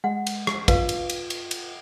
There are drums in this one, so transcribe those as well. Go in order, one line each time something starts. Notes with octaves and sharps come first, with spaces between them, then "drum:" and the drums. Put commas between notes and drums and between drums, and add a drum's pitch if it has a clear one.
G#3 F#5
drum: cymbal
drum: rim click
F4 B4 F5, drum: kick, cymbal
drum: cymbal
drum: cymbal
drum: cymbal
drum: cymbal